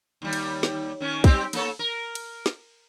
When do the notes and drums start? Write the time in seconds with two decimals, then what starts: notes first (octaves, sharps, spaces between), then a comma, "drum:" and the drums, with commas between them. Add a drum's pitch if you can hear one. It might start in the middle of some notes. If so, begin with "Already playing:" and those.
0.22 D#2 G3
0.33 drum: cymbal
0.63 drum: snare
1.00 D#3 C#4
1.24 G3 C4 G4, drum: kick, cymbal
1.53 A#3 A4 C#5, drum: cymbal
1.79 A#4
2.15 drum: cymbal
2.46 drum: snare